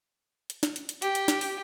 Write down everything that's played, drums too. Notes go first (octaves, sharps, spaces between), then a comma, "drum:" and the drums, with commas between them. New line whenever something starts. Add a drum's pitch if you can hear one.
drum: hi-hat
drum: snare
drum: hi-hat
drum: hi-hat
G4, drum: hi-hat
drum: hi-hat
drum: snare
drum: open hi-hat